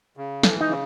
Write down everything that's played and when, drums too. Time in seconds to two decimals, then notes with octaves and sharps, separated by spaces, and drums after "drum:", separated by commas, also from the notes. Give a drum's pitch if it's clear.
0.17 C#3
0.43 E3 A4, drum: snare
0.61 D#4
0.69 C#3